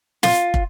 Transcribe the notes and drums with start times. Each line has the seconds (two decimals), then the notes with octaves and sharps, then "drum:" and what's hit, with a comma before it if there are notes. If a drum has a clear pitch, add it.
0.23 F4, drum: snare
0.54 drum: kick